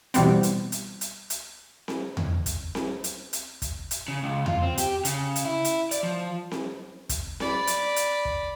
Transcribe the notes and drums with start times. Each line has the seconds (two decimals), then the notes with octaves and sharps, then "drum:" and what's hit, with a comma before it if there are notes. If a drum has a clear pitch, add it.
0.14 B2 E3 G3 B3 C4, drum: hi-hat
0.43 drum: hi-hat
0.72 drum: hi-hat
1.01 drum: hi-hat
1.30 drum: hi-hat
1.88 drum: snare C4
2.17 drum: tom E2
2.46 drum: kick, hi-hat
2.75 drum: snare C4
3.04 drum: hi-hat
3.33 drum: hi-hat
3.62 drum: kick, hi-hat
3.91 drum: hi-hat
4.08 C#3
4.23 C#2
4.46 F4, drum: tom E2
4.62 C4
4.78 G4, drum: hi-hat
5.05 C#3, drum: hi-hat
5.36 drum: hi-hat
5.45 E4
5.65 drum: hi-hat
5.91 D5, drum: hi-hat
6.03 F3
6.51 drum: snare C4
7.09 drum: kick, hi-hat
7.40 D5 B5, drum: snare C4
7.67 drum: hi-hat
7.96 drum: hi-hat
8.25 drum: kick